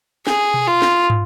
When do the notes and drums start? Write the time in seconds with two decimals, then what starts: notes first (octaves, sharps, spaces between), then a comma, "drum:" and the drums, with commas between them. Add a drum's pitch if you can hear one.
0.27 G#4, drum: snare
0.54 drum: tom B2
0.67 F4
0.82 drum: snare
1.10 drum: tom